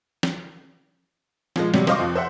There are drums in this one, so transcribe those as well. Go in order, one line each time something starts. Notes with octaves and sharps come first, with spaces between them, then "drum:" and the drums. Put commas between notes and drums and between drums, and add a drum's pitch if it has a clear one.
drum: snare
A#2 F3 G#3, drum: snare
C3 F#3 G3, drum: snare
C5 D#5 F5 C#6 D6, drum: snare
F2 F3
C5 E5 F#5